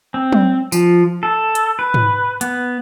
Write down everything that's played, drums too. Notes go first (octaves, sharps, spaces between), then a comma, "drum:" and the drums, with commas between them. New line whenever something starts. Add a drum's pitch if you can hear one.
C4
drum: tom F#3
F3, drum: tambourine
A4
drum: hi-hat
B4
drum: tom G#2
B3, drum: hi-hat